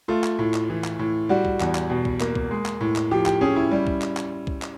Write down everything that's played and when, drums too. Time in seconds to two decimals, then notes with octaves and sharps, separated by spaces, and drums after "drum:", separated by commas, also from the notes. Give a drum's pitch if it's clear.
0.08 A3 F4
0.24 drum: clap
0.39 A2
0.54 drum: clap
0.70 E3
0.84 drum: clap
0.99 A2
1.29 G3 F#4
1.45 drum: kick C2
1.60 E2, drum: clap
1.75 drum: clap
1.90 B2
2.05 drum: kick C2
2.21 A#3, drum: clap
2.35 drum: kick C2
2.51 G#3
2.66 drum: clap
2.81 A2
2.96 drum: clap
3.11 F3 G4
3.26 G4, drum: clap
3.41 C#4 G#4
3.56 E4
3.71 G3
3.87 drum: kick C2
4.02 drum: clap
4.17 drum: clap
4.47 drum: kick C2
4.62 drum: clap